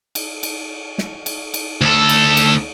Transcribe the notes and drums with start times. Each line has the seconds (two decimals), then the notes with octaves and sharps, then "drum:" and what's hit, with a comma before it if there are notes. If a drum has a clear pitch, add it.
0.15 drum: cymbal
0.43 drum: cymbal
0.98 drum: snare
1.26 drum: cymbal
1.54 drum: cymbal
1.81 D2 A4
2.09 drum: cymbal
2.37 drum: cymbal